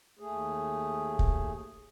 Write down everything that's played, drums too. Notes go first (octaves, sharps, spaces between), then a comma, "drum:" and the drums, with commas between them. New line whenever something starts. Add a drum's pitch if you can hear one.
D#2 A3 G#4
drum: kick